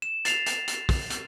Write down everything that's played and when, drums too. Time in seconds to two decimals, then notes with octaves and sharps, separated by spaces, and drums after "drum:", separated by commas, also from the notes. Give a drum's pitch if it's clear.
0.02 E7
0.25 A6 C7 F7, drum: hi-hat
0.46 drum: hi-hat
0.68 drum: hi-hat
0.89 drum: kick, open hi-hat
1.10 drum: hi-hat